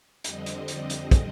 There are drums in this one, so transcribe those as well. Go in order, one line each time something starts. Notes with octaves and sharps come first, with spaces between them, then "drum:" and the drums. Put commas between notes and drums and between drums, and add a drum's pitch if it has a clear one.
F2 D3 G3 C4 D#5, drum: hi-hat
drum: hi-hat
drum: hi-hat
drum: hi-hat
drum: kick, hi-hat